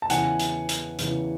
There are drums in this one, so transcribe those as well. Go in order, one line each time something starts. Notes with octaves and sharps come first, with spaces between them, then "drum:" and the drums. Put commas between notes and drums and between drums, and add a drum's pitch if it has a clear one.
A5
E2 C#3 E3 F#5 G#5, drum: hi-hat
drum: hi-hat
drum: hi-hat
E2 C#3 E3, drum: hi-hat